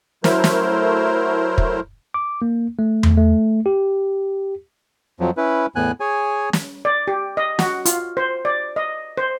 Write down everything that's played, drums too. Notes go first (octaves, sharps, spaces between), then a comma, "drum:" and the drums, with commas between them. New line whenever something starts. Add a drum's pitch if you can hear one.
F#3 A3 E4 A#4 C5, drum: snare
drum: snare
drum: kick
D6
A#3
A3
drum: tom E2
A3
G4
F2 F3 F#3
C#4 E4 B4
E2 A2 B3 G#5 F#6
G#4 C#5 G#5
drum: snare
D5
G4
D#5
F#4, drum: snare
F4, drum: hi-hat
C5
D5
D#5
C5